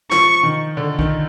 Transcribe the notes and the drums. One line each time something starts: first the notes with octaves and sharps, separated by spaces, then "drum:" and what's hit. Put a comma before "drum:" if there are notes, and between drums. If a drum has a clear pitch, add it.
F3 C#6, drum: snare
D#3
D3
D#3, drum: kick B1